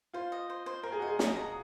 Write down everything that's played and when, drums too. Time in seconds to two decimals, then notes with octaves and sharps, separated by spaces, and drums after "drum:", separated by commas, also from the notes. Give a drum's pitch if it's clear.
0.14 F4 C5
0.32 D#5
0.50 C5
0.66 C5
0.83 A#4 C5
0.92 G#4
0.99 F#4 D#5
1.08 G#4
1.19 D#5, drum: snare
1.36 A#5